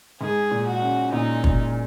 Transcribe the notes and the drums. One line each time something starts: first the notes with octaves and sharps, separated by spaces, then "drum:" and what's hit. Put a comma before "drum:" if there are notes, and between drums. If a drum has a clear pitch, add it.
G#2 G#4
A#2
F#4
C#3
A#2 D#4
A#2, drum: kick